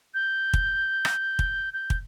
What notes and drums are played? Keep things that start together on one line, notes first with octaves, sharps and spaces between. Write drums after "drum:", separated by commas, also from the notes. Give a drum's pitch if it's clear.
G6
drum: kick
drum: rim click
drum: kick
G6
drum: kick